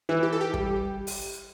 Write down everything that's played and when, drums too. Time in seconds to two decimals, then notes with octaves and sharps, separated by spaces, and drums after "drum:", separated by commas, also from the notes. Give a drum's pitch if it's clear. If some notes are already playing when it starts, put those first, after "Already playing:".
0.09 E3 E4
0.23 G4
0.33 A4
0.41 G4
0.54 G3, drum: kick
1.07 drum: open hi-hat